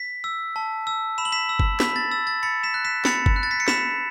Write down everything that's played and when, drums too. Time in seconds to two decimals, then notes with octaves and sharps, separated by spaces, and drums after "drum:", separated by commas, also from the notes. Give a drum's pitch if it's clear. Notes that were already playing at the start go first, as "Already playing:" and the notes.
Already playing: B6
0.24 E6
0.56 A5
0.87 E6
1.18 B5 E7
1.25 F#7
1.32 B6 E7
1.49 E6
1.60 drum: kick G1
1.80 B5 B6, drum: snare
1.96 A6
2.11 E6 A6
2.27 A6
2.43 B5 A6 C#7
2.63 B6 E7
2.74 F#6
2.85 B6 E7
3.05 B5 A6 C#7, drum: snare
3.26 drum: kick G1
3.36 F#6
3.43 A6
3.51 B6
3.60 C#7
3.68 B5 B6 E7, drum: snare